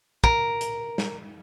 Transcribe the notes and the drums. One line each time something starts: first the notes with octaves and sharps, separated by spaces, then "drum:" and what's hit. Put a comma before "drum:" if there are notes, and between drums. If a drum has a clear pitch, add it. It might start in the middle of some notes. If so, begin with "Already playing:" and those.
A#4, drum: kick
drum: hi-hat
drum: snare